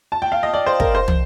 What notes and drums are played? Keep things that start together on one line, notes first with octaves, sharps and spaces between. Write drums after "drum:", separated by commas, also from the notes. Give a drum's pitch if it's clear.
A5
G5
F5
D#5
D5
C5
A#4, drum: kick
C5
drum: tom